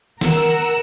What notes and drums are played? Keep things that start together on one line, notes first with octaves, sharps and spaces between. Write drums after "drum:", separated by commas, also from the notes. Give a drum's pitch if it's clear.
A#4 F#5 E6, drum: snare